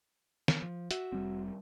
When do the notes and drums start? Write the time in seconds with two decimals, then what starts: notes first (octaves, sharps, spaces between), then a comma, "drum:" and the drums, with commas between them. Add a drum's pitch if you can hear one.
0.48 drum: snare
0.62 F3
0.91 F#4 E5, drum: hi-hat
1.12 F1 G3 C4